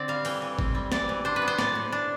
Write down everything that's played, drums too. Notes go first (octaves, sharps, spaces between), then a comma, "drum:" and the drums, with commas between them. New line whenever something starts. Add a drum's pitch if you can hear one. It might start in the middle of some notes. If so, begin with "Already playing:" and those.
Already playing: D3 C4 D5
G3 F5
E3 G5, drum: cymbal
E3
C4, drum: kick G1
G3
E3 D5, drum: snare
E3
D4 C5
B4
B3
C5
A2 D5, drum: snare
A2
D4